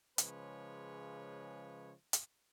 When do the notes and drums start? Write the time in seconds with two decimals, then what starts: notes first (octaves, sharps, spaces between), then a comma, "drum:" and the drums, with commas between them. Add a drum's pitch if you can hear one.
0.18 C#3 F3 G#3 B4 C#5, drum: hi-hat
2.13 drum: hi-hat